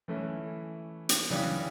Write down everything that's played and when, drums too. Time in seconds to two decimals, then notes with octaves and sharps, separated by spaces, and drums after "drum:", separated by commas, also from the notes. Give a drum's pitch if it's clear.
0.08 E3 A3 C#4 E4
1.09 drum: hi-hat
1.30 C#3 E3 G3 D4 G4